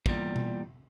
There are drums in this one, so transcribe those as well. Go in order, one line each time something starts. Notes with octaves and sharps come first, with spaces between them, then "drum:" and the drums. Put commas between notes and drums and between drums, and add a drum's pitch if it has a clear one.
E2 A#2 G3, drum: kick
drum: tom B2